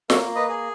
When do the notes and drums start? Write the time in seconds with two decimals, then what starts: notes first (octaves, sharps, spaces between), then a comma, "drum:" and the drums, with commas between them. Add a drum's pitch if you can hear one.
0.10 A#3 A#4 C#5, drum: snare
0.36 B4 D#5
0.49 G#4